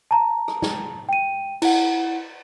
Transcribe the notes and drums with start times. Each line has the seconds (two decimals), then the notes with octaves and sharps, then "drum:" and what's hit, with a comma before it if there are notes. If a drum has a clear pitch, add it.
0.11 A5 A#5
0.48 drum: rim click
0.62 drum: snare
1.09 G5 D#7
1.62 E4 F#5, drum: cymbal